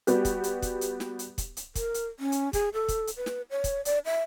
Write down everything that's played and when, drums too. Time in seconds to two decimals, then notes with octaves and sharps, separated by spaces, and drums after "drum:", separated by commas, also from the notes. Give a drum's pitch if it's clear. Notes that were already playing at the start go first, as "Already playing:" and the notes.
0.07 G3 B3 F#4 G4, drum: hi-hat
0.25 drum: kick, hi-hat
0.44 drum: hi-hat
0.62 drum: kick, hi-hat
0.81 drum: hi-hat
1.00 drum: snare
1.19 drum: hi-hat
1.38 drum: kick, hi-hat
1.57 drum: hi-hat
1.75 A#4, drum: kick, hi-hat
1.94 drum: hi-hat
2.20 C#4
2.32 drum: hi-hat
2.53 G#4, drum: kick, hi-hat
2.74 A4
2.88 drum: kick, hi-hat
3.07 drum: hi-hat
3.17 B4
3.26 drum: snare
3.51 C#5
3.64 drum: kick, hi-hat
3.85 D5, drum: hi-hat
4.06 E5